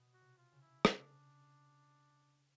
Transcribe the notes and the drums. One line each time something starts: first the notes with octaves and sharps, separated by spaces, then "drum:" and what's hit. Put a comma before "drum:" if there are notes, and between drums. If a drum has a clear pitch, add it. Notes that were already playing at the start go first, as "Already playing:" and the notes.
Already playing: B2
F#4
C3
F4
C#3
E4
D4, drum: rim click